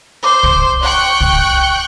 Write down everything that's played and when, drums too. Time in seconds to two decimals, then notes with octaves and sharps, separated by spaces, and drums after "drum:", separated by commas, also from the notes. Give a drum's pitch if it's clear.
0.24 C5 D6
0.43 drum: kick C2
0.82 G5 C#6 F#6
1.21 drum: kick C2